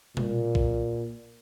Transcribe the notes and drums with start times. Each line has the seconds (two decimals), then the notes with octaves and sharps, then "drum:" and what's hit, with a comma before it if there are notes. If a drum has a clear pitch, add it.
0.17 A#2, drum: tom B2
0.55 drum: kick A#1